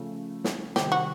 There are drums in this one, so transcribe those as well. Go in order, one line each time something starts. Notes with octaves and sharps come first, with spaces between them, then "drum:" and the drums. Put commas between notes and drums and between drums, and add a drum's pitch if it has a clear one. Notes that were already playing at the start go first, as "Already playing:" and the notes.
Already playing: C#3 F3 A3
drum: snare
C3 D#3 G3 C4 D#4 G4, drum: snare
F#4